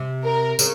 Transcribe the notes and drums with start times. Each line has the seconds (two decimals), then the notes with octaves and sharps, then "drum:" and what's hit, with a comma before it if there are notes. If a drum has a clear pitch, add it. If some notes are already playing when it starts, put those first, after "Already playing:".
Already playing: C3
0.26 A#4
0.59 C#3, drum: tambourine